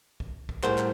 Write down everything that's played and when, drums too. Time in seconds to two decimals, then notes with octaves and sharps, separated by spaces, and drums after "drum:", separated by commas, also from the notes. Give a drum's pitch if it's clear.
0.20 drum: kick
0.49 drum: kick
0.63 A2 G3 G#4 A#4 C5 F#5, drum: clap
0.78 drum: clap